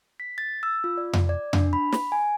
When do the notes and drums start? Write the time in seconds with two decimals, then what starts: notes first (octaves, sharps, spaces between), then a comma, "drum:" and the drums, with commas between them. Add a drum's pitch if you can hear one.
0.20 B6
0.38 A6
0.63 E6
0.84 F4
0.97 D5
1.13 drum: tom F2
1.29 D5
1.53 D4, drum: tom F2
1.73 B5
1.92 drum: snare
2.12 G#5